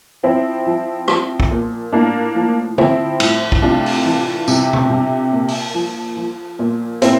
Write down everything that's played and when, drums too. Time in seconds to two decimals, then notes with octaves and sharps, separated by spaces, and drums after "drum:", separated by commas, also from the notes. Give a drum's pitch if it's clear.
0.23 F3 C4 E4
0.67 F3
1.08 F3, drum: rim click
1.40 drum: kick
1.51 A#2
1.92 A2 A#3 D4
2.35 F3
2.78 F3 C4 E4, drum: tom D3
3.20 A2, drum: cymbal
3.52 drum: kick
3.62 C3 D4 F4
3.86 drum: open hi-hat
4.05 E3
4.48 C3, drum: tambourine
4.73 drum: tom B2
4.90 C3
5.32 A#2
5.48 drum: open hi-hat
5.74 F3
6.17 F3
6.59 A#2
7.02 A#2 C4 E4, drum: hi-hat